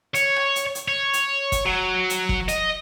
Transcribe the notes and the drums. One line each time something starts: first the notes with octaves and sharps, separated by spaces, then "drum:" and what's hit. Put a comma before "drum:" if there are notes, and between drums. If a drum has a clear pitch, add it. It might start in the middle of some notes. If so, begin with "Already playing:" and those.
C#5, drum: hi-hat
drum: rim click
drum: hi-hat
drum: hi-hat
C#5
drum: hi-hat
drum: kick, hi-hat
F#3
drum: hi-hat
drum: kick
D#5, drum: hi-hat